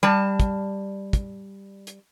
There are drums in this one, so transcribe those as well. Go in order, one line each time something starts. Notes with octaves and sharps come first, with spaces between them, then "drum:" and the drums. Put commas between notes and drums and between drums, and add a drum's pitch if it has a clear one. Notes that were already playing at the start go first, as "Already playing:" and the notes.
G3 A5
drum: kick, hi-hat
drum: kick, hi-hat
drum: hi-hat